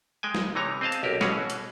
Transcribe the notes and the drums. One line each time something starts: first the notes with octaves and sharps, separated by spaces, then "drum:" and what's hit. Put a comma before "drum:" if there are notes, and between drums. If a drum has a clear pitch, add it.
G#3 G5 G#5
drum: snare
C3 E3 D#4 C#5 A#5
C4 G#4 D#5 F5 A5
drum: hi-hat
B1 G4 A#4
B2 E3 C#4 F#4 G#4 C#5, drum: snare
drum: hi-hat